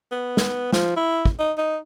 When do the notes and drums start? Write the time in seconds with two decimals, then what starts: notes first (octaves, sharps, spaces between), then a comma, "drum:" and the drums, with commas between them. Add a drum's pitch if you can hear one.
0.11 B3
0.37 drum: snare
0.72 F3, drum: snare
0.96 E4
1.25 drum: kick
1.39 D#4
1.58 D#4